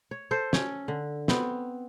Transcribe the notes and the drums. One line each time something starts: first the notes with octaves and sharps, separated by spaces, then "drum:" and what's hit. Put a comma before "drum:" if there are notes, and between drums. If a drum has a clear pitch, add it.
C#5
A4 C5
C#4, drum: snare
D3
B3 C4, drum: snare